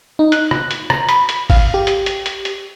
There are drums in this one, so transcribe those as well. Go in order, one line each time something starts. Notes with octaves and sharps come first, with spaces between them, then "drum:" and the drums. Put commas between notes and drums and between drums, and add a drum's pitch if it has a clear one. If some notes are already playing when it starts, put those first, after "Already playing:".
D#4
F#6, drum: hi-hat
drum: rim click
drum: hi-hat
A#5, drum: rim click
B5, drum: hi-hat
drum: hi-hat
F5, drum: kick G#1, open hi-hat
G4
drum: hi-hat
drum: hi-hat
drum: hi-hat
drum: hi-hat